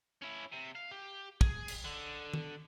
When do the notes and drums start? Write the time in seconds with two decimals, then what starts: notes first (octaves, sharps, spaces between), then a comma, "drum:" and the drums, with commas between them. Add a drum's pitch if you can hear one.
0.22 C#4 E4
0.52 C3
0.75 F5
0.91 G4
1.41 G#4, drum: kick
1.68 drum: cymbal
1.85 D3
2.34 drum: tom D#3